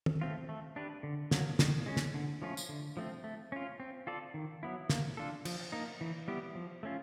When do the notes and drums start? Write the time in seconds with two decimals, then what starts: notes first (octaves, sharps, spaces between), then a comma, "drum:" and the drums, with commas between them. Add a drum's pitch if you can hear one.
0.06 drum: tom
0.21 A3 C4 F4
0.49 A3
0.76 D4 G4 B4
1.03 D3
1.31 F#3 A#3, drum: snare
1.59 D#3, drum: snare
1.86 G#3 C#4
1.97 drum: snare
2.14 D3
2.42 F3 A3 C#4 F4
2.57 drum: tambourine
2.69 D3
2.97 F3 A3 C4
3.24 A3
3.52 C#4 F4
3.80 C4
4.07 F4 A4 D5
4.34 D#3
4.63 F#3 B3 E4
4.89 A#3, drum: snare
5.17 D4 F4 A4
5.45 F3, drum: cymbal
5.72 A#3 D#4
6.01 E3
6.28 G3 B3 E4 G4
6.55 F3
6.83 A3 C#4 F4